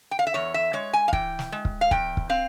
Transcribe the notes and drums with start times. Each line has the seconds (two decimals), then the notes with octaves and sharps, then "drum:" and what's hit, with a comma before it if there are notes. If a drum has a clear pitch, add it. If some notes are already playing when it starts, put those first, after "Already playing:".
0.11 G5
0.19 F5
0.27 E5
0.34 E2 C#5
0.54 E5
0.73 G#3 C#5
0.93 G#5
1.08 F5
1.13 E3 G5, drum: kick
1.39 drum: snare
1.52 G#3
1.65 drum: kick
1.81 F5
1.91 E2 G5, drum: kick
2.17 drum: kick
2.29 C4 F5